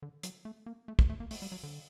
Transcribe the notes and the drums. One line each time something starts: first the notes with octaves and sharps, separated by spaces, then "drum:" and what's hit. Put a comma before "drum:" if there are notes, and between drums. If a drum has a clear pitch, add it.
D3
F#3, drum: hi-hat
A3
A#3
A3
A3, drum: kick
A3
A#3
A3, drum: open hi-hat
G3
F#3
D3